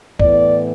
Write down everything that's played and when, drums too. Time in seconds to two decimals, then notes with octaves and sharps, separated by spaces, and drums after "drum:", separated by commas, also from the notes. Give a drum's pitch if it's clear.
0.20 A2 E3 B3 D5, drum: kick